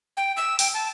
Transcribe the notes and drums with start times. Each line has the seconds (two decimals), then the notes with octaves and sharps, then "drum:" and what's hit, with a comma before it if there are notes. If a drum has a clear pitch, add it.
0.17 G5
0.37 E6
0.59 G5, drum: open hi-hat
0.74 A5